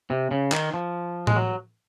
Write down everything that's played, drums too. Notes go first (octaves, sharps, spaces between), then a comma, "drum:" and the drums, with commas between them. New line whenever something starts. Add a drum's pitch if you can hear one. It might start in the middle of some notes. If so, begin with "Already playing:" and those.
C3
C#3
D#3, drum: clap
F3
G#3, drum: tom A2
F#3